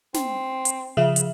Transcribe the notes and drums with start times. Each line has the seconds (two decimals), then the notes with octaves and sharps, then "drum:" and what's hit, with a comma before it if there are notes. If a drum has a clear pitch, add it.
0.14 C4, drum: snare
0.65 drum: hi-hat
0.97 C#3 F3 E5
1.16 drum: hi-hat